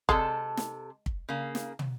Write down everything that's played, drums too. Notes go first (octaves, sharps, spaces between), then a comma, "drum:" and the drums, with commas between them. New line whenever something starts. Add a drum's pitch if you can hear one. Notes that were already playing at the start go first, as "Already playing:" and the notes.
C3 G#3 A4 A5, drum: kick
drum: snare
drum: kick
C#3 A#3
drum: snare
drum: tom